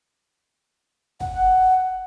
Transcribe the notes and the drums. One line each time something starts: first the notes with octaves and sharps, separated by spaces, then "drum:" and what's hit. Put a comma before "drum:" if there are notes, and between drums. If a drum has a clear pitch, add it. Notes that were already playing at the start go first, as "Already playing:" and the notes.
F#5, drum: kick